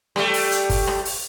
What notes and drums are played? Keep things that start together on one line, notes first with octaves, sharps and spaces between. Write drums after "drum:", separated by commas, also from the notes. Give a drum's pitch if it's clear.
G3 A3, drum: rim click
drum: open hi-hat
drum: hi-hat
drum: kick, open hi-hat
drum: rim click
drum: open hi-hat